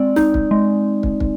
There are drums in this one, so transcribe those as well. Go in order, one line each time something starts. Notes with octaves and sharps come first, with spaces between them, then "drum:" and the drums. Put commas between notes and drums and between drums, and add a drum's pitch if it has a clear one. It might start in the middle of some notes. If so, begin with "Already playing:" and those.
Already playing: G#3 C4 D5
D#4, drum: snare
drum: kick
G#3
drum: kick
drum: kick